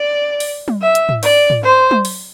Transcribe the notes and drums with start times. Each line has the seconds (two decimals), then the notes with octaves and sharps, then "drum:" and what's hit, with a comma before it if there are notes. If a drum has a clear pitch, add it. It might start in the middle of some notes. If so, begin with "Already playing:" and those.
Already playing: D5
0.40 drum: open hi-hat
0.68 drum: tom
0.82 E5
0.95 drum: hi-hat
1.09 drum: tom
1.23 D5, drum: open hi-hat
1.50 drum: tom
1.63 C5
1.91 drum: tom
2.05 drum: open hi-hat